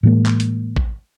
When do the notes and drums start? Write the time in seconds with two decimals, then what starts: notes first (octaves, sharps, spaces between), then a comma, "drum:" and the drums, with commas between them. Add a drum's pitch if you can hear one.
0.03 A2 E3 G#3 A#3
0.26 drum: clap
0.40 drum: hi-hat
0.76 drum: kick A1